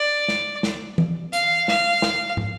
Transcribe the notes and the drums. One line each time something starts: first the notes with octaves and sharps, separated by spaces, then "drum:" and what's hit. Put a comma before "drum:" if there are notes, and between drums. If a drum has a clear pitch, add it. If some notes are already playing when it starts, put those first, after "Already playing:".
Already playing: D5
drum: snare
drum: snare
drum: tom E3
F5, drum: hi-hat
F5, drum: snare
drum: snare
drum: tom